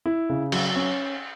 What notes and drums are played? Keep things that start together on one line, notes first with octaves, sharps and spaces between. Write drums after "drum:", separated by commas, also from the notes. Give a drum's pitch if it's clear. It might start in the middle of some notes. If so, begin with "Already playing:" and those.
E4
C#3
F#3, drum: cymbal
C#4